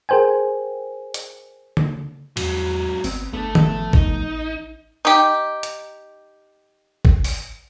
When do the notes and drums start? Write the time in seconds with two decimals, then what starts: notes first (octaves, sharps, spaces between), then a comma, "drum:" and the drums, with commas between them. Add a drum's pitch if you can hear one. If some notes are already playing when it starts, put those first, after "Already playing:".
0.09 G#4 A#4 C5 G5 G#5
1.14 drum: hi-hat
1.77 drum: tom D3
2.37 E2 G#2 F#3, drum: cymbal
3.04 G1 B3 C4, drum: open hi-hat
3.33 G1 A3 B3 D4 A4
3.55 A2 F3 B3, drum: tom D#3
3.93 A1 D#4, drum: kick
5.05 D#4 G4
5.63 drum: hi-hat
7.05 drum: kick
7.24 drum: open hi-hat